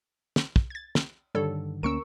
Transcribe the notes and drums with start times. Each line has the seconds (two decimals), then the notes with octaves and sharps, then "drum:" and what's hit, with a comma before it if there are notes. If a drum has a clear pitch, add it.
0.36 drum: snare
0.56 drum: kick
0.70 G#6 A6
0.95 drum: snare
1.35 G2 D3 D#3 G3 A4 C#5
1.83 D2 A#3 C#4 A#4 C#6 E6 D7